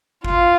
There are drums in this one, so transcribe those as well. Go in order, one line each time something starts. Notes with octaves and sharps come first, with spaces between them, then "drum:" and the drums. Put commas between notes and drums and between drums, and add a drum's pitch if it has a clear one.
F4, drum: kick G#1